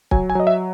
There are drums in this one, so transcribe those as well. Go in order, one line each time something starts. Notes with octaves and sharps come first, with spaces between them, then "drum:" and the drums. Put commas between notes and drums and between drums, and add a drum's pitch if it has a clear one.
F#3 G#5, drum: kick
G#5
F#3 D#5
E5